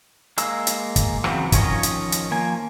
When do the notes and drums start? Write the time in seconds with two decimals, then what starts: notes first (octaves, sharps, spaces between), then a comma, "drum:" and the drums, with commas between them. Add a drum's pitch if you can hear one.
0.38 G#3 A#3 E6, drum: hi-hat
0.67 drum: hi-hat
0.96 drum: kick, hi-hat
1.24 C#3 E3 F#3 C4, drum: rim click
1.52 D#3 F3 C#4 C#5 D#5, drum: kick, hi-hat
1.83 drum: hi-hat
2.12 drum: hi-hat
2.31 F3 A#3 G#5